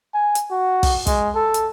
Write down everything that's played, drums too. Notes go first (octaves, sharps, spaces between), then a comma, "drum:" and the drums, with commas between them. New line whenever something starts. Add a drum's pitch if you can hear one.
G#5
drum: hi-hat
F#4
drum: kick, open hi-hat
G#3, drum: kick, hi-hat
A4
drum: hi-hat